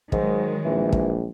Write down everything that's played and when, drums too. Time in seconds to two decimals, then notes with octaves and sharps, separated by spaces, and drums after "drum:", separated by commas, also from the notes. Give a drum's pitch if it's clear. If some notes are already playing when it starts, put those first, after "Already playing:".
0.12 G#2 D#3 F#3 G#3, drum: kick
0.65 A#1 E3
0.92 drum: kick